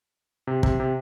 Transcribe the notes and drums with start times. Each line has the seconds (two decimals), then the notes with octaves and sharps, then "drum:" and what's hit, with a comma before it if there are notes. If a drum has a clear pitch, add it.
0.47 C3
0.63 C3, drum: kick
0.80 C3